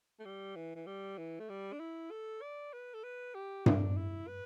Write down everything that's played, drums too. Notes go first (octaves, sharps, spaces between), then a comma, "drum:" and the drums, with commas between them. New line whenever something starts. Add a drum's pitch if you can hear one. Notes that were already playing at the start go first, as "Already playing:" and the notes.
A3
G3
E3
E3
G3
E3
A3
G3
D4
E4
A4
D5
B4
A4
B4
G4
D4, drum: tom G2
E4
B4